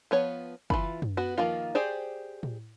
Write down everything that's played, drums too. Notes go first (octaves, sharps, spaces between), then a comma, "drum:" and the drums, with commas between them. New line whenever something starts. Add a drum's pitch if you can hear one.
F3 B3 C#5
E3 F4 B5, drum: kick
drum: tom F#2
B3 F#4
D#3 F3 A#3 F4
G4 G#4 C5 D5
drum: tom A2